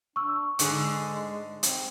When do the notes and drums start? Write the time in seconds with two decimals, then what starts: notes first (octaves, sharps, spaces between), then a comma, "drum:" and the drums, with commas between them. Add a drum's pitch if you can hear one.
0.16 D4 C#6 E6
0.59 G#2 D3 G#3 G#4, drum: hi-hat
1.63 C4, drum: hi-hat